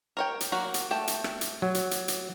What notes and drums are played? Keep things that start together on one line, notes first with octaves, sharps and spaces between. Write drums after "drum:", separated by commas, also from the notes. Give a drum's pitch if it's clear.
A#4 C#5 G5
drum: hi-hat
F#3 A#3 F#4
drum: hi-hat
A3 G5 A5
drum: hi-hat
drum: rim click
drum: hi-hat
F#3
drum: hi-hat
drum: hi-hat
drum: hi-hat